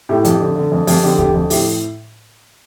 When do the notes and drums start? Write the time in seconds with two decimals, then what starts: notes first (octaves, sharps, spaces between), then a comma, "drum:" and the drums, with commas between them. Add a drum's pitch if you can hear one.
0.09 A2 G4
0.25 F2 G4, drum: hi-hat
0.41 D3
0.56 D3
0.72 F2
0.87 F2 G4, drum: open hi-hat
1.03 D3 G4
1.19 D3 G4, drum: kick D#2
1.34 F2
1.50 A2 G4, drum: open hi-hat